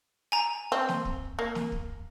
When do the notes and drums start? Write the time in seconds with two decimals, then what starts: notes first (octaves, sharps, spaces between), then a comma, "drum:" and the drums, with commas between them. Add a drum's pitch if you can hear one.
0.32 G#5 A#5
0.72 C4
0.89 drum: snare
1.05 drum: kick
1.39 A#3
1.55 drum: snare
1.72 drum: kick